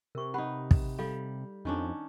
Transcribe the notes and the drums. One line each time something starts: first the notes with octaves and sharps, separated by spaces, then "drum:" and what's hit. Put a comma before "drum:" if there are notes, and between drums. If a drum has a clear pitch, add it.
C3 A#4 C#6
D#4 G4 B4 F#5 B5
drum: kick
G3 A4 F5
F2 D#3 C#4 D4